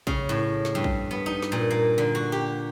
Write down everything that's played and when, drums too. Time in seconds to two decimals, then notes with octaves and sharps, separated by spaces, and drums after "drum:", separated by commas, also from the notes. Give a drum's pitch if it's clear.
0.07 C#3, drum: kick
0.29 A2
0.65 drum: snare
0.75 G2
0.84 drum: kick
1.11 B3
1.26 D#4
1.42 drum: snare
1.52 A#2
1.70 A#3
1.98 D3
2.15 F#4
2.32 G4